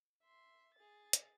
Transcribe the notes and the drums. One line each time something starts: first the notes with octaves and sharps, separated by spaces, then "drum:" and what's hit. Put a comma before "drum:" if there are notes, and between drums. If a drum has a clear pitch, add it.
E5 C6
G#4 A6
drum: hi-hat